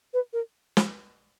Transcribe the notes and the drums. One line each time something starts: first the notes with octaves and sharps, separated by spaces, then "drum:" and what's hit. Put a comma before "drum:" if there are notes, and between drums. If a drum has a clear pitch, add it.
B4
A#4
drum: snare